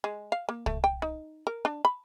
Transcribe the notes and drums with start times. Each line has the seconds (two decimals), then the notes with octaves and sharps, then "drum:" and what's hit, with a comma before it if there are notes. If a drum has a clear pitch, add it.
0.04 G#3
0.32 F5
0.49 A#3
0.66 A3, drum: kick C2
0.84 G5
1.02 D#4
1.47 A#4
1.65 D4
1.85 B5